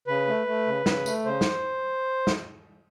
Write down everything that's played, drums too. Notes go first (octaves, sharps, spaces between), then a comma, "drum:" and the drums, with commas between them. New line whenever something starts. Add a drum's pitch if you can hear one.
C#3 B4
A3
A3
C#3
C#3, drum: snare
A3, drum: tambourine
C#3 C5
drum: snare
drum: snare